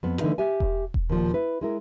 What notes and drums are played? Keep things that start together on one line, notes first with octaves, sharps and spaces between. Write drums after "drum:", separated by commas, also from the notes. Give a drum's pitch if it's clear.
F2 B3
D3 E3 A3 D#4 B4 F5
G4 E5 G#5
drum: kick E1
drum: kick E1
D#2 A#2 F3
E4 B4
G#3 E4 A#4